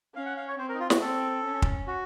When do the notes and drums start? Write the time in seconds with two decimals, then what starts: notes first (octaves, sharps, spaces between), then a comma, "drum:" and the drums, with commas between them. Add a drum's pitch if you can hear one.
0.15 C#4 F5
0.26 F#5
0.37 F5
0.48 C#5
0.58 C4 C5
0.69 A#4
0.74 D#4
0.80 F4
0.90 F#4, drum: snare
1.01 C4 A4
1.44 C#4
1.62 drum: kick
1.87 F#4